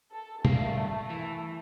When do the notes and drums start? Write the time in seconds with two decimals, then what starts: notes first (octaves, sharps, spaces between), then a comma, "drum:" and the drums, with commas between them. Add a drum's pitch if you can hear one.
0.11 A4
0.45 G2 A3 A#4 F5, drum: tom
1.10 E3